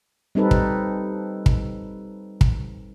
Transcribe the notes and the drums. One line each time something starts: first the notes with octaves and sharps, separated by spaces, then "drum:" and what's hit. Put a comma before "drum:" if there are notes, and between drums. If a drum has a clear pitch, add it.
G3 C4 D#4 A4 B4
drum: kick
drum: kick
drum: kick